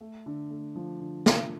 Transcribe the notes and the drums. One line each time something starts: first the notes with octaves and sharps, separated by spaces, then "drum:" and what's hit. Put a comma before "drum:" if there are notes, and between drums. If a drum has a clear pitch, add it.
A3
D3
A3
F3
D3
F3, drum: snare